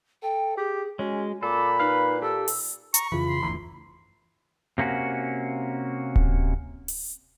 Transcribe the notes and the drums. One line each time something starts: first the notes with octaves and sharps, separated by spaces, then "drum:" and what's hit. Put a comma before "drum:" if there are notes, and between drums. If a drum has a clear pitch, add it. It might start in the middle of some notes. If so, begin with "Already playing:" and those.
A4 G5
G4 G#4
G#3 C#4 F#4
A#2 A4 B5 D6
D#4 B4 F5 F6
G4 A4 E6
drum: open hi-hat
A#5 C#6, drum: hi-hat
F2 C#3 E3 F4 B5
C6
G1 D2 E3 A#5
C3 A#3 C#4 F#4
drum: kick D1
drum: open hi-hat